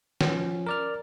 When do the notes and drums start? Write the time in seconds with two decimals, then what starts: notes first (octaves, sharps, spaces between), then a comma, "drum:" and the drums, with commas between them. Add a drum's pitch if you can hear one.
0.21 F3 C#4, drum: snare
0.67 A#4 D5 F6